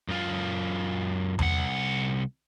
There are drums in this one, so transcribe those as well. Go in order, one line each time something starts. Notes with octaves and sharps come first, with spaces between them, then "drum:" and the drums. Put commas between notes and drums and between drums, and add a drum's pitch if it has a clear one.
F#2 F4
C2 F#5, drum: tom E2